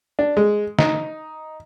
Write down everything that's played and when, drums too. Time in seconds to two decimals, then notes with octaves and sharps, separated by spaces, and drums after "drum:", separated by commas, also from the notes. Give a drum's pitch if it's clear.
0.19 D4
0.37 G#3
0.79 D#4, drum: snare